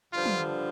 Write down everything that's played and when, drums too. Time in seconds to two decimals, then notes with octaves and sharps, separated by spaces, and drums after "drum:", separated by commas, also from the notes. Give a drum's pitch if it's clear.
0.12 G2 D3 F3 F4
0.25 drum: tom